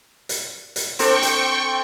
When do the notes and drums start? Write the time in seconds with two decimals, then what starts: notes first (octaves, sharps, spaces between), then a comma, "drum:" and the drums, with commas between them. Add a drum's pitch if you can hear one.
0.29 drum: hi-hat
0.76 drum: hi-hat
0.99 C4 D4 A4 G5 C#6, drum: hi-hat
1.22 drum: hi-hat